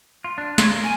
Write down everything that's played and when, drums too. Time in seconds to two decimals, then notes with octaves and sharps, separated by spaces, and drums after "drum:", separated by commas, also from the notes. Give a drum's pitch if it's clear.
0.24 F4
0.38 D4
0.58 F4 C#5, drum: snare
0.70 A#4
0.83 G#5